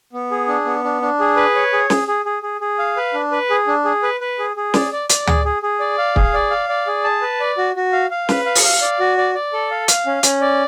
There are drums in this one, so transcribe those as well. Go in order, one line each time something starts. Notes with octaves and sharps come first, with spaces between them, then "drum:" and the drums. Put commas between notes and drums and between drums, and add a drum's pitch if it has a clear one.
B3
G#4
D4
B3
D4
D4
G#4
B4
C#5
G#4
G#4, drum: snare
G#4
G#4
G#4
G#4
F5
B4
D4
B4
G#4
D4
G#4
B4
B4
G#4
G#4
D5, drum: snare
D5
D5, drum: hi-hat
G#4, drum: tom D2
G#4
G#4
D5
F5
G#4, drum: kick
D5
F5
D5
G#4
A5
B4
D5
F#4
F#4
F5
F5
B4, drum: snare
F5
drum: open hi-hat
F5
D5
F#4
D5
D5
A4
F5
F5, drum: hi-hat
C#4
C#4, drum: hi-hat
D5